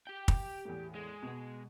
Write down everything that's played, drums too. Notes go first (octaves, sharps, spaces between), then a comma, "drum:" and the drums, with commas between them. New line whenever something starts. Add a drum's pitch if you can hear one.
G4 G5
drum: kick
E2 A2
G#3
B2 B3